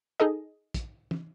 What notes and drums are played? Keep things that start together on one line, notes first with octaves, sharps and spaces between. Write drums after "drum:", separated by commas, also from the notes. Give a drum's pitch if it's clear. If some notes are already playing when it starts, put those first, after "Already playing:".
D#4 G#4 A4 D#5
drum: kick, hi-hat
drum: tom